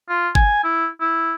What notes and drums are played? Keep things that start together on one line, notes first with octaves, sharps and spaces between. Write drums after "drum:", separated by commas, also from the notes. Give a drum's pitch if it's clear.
F4
G#5, drum: kick G1
E4
E4